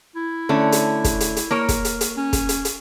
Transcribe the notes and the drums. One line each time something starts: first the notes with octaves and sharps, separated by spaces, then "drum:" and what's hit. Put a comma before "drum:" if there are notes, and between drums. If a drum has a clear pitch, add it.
E4
D3 A3 C#4
drum: hi-hat
drum: kick, hi-hat
drum: hi-hat
drum: hi-hat
A#3 A#4 C#5
drum: kick, hi-hat
drum: hi-hat
drum: hi-hat
C#4
drum: kick, hi-hat
drum: hi-hat
drum: hi-hat